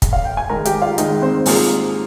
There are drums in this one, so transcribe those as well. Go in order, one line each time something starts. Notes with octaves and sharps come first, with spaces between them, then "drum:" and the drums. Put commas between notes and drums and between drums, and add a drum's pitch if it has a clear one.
drum: kick, hi-hat
F5
G5
G#5
G#2 D#3 G#3 A#4 A#5
G4 G5, drum: hi-hat
F4 F5
G#2 D#3 G#3 D#4 D#5, drum: hi-hat
C4 C5
G#2 G3 A#3 F4 G#4, drum: open hi-hat